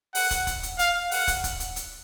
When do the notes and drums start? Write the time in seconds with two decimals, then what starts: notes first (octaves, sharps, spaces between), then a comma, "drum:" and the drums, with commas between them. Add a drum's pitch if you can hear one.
0.15 F#5, drum: open hi-hat
0.31 drum: kick, hi-hat
0.47 drum: kick, hi-hat
0.63 drum: hi-hat
0.79 F5, drum: hi-hat
1.11 F#5, drum: open hi-hat
1.28 drum: kick, hi-hat
1.44 drum: kick, hi-hat
1.60 drum: hi-hat
1.76 drum: hi-hat